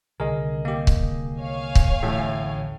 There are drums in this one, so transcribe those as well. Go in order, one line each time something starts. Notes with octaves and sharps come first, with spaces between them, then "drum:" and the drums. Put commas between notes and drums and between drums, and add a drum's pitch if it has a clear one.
C2 D3 D#3 G#4 A#4 D#5
A#3 G4
drum: kick C#1
C#5 F5 G#5
drum: kick C#1
D1 A1 E2 A2 E5